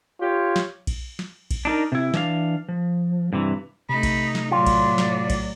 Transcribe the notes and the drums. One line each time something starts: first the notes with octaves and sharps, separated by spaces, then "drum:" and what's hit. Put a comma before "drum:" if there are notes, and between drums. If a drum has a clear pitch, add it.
F4 G4 C#5
drum: snare
drum: kick, cymbal
drum: snare
drum: kick, cymbal
D4 D#4 A#4
C3 E4
E3 D4 E5 F5, drum: snare
F3
G2 C3 E3
C3 A3 D#4 B5
drum: kick, cymbal
drum: snare
A2 F#3 F4 D5
drum: kick, cymbal
drum: snare
drum: kick, cymbal